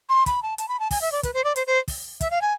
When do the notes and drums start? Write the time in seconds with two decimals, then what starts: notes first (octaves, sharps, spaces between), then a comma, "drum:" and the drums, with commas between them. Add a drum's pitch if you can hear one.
0.09 C6
0.26 B5, drum: kick, hi-hat
0.42 A5
0.58 A5, drum: hi-hat
0.68 B5
0.79 A5
0.91 G#5, drum: kick, open hi-hat
1.01 E5
1.12 D5
1.23 B4, drum: kick, hi-hat
1.34 C5
1.44 D5
1.56 C5, drum: hi-hat
1.67 C5
1.88 drum: kick, open hi-hat
2.21 E5, drum: kick, hi-hat
2.31 F5
2.41 G#5